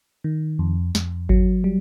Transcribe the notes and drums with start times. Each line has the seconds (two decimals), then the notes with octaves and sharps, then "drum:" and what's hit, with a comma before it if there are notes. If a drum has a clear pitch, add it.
0.24 D#3
0.59 F2
0.95 F2, drum: snare
1.29 F#3, drum: kick G#1
1.64 G3